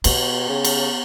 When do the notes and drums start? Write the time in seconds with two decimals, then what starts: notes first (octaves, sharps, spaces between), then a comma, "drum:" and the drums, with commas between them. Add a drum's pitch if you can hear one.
0.04 B2 B3, drum: cymbal
0.49 C#3
0.65 drum: cymbal